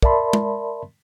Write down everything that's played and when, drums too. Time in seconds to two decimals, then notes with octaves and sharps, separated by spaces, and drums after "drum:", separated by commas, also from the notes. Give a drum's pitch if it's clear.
0.02 A#4 D5 E5 A5 B5 C6, drum: kick
0.33 drum: tom